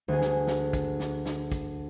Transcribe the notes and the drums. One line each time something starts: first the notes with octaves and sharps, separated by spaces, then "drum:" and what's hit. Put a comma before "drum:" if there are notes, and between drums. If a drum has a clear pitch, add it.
D2 G#4
drum: snare
drum: snare
drum: kick, hi-hat
drum: snare
drum: snare
drum: kick, hi-hat